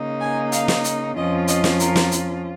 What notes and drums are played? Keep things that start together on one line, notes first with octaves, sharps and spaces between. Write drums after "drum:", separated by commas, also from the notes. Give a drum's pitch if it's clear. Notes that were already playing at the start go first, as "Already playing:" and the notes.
Already playing: C#3 A#3 D#4
G#5
F5, drum: hi-hat
drum: snare
drum: hi-hat
F2 F3 C#4 F4 D#5
D#5, drum: hi-hat
drum: snare
A#4, drum: hi-hat
drum: snare
drum: hi-hat